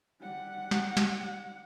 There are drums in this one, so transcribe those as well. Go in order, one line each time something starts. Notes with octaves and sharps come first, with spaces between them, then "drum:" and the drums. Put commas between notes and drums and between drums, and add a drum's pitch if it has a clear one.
G3 F#5
drum: snare
drum: snare